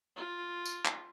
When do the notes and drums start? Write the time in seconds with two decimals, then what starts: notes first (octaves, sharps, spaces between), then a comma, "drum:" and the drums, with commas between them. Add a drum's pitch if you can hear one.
0.16 F4
0.65 drum: tambourine
0.85 drum: clap